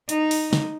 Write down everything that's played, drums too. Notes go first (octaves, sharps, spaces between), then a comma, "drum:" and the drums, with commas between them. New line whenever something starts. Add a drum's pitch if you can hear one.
D#4, drum: hi-hat
drum: open hi-hat
drum: snare